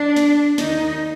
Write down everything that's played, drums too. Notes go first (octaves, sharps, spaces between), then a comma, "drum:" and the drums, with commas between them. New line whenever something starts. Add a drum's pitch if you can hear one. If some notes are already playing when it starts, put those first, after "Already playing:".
Already playing: D4
drum: snare
D#2 D#3 D#4, drum: snare